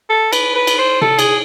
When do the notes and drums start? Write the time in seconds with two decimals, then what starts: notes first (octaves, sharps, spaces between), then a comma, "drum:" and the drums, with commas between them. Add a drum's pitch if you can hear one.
0.10 A4
0.33 B4, drum: cymbal
0.56 B4
0.67 drum: cymbal
0.79 C5
1.01 A4, drum: tom C3
1.19 G#4, drum: cymbal